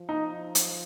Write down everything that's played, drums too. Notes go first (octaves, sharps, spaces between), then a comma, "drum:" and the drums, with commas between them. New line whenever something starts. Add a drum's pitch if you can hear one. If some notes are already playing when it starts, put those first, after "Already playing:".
Already playing: F3
D#4
drum: hi-hat